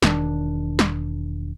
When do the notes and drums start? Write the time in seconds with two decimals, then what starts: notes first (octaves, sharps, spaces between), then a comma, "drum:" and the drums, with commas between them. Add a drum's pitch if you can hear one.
0.02 E1 D#3 D4, drum: snare
0.79 drum: snare